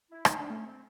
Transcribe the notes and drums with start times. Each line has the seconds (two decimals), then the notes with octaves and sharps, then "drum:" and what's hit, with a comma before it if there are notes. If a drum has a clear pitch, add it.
0.11 E4
0.25 D#4, drum: rim click
0.37 D4
0.50 A3 C#4
0.65 C4